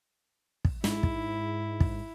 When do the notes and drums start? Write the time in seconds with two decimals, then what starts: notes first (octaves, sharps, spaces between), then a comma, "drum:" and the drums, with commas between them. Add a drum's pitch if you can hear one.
0.65 drum: kick
0.84 G#2 E4, drum: snare
1.03 drum: kick
1.80 drum: kick